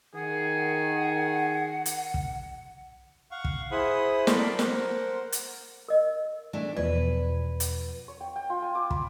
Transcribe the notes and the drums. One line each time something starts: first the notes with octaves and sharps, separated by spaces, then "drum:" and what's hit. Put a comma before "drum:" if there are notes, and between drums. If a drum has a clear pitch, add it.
D#3 G#4 F#5
drum: hi-hat
drum: kick
F5 F#5 C#6
drum: kick
E4 G#4 C5 F#5 B5 D#6
A4 A#4 D5 B5 C6, drum: snare
A#4 C5 F#5, drum: snare
drum: hi-hat
A#4 D#5
E3 A3 D4
E2 B2 F3 B4 D5
drum: hi-hat
C#5
G5
G5
F4
G#5
D6
B5, drum: kick